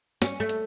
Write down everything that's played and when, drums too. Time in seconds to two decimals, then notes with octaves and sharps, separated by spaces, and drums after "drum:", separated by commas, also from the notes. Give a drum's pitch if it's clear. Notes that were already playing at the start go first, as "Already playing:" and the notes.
0.22 C#4, drum: snare
0.40 A3
0.49 drum: hi-hat